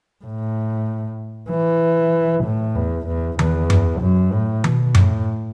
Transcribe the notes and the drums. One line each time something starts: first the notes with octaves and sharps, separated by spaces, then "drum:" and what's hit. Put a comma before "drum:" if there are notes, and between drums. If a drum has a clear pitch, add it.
A2
E3
A2
E2
E2
E2, drum: tom D#3
drum: tom F#2
F#2
A2
B2, drum: tom D#3
A2, drum: tom F#2